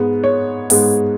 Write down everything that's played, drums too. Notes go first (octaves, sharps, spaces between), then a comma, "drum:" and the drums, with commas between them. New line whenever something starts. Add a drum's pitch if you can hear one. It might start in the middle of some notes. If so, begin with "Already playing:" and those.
Already playing: G#2 G#3 B3
C#5
G#2 G#3 B3, drum: open hi-hat